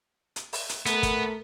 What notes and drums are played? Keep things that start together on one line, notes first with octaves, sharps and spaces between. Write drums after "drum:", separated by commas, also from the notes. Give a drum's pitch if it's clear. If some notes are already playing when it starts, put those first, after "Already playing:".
drum: hi-hat
drum: open hi-hat
drum: hi-hat
A3 B3 A#4, drum: hi-hat
drum: kick, hi-hat